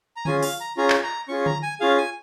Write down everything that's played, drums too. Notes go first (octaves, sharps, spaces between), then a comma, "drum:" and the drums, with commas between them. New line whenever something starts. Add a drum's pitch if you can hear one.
A#5
C#4 F4 G#4 G#5, drum: tom D3
F5, drum: open hi-hat
A#5
C#4 F4 G#4 A#5
drum: clap
A#5
C#4 F4 G#4 C#6
A#5, drum: tom D3
G#5
C#4 F4 G#4 F5
G#5